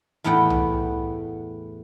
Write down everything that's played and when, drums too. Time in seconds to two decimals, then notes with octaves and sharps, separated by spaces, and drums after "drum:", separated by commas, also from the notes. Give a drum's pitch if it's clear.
0.24 E2 A2 B3 F#5 G5
0.50 drum: tom C2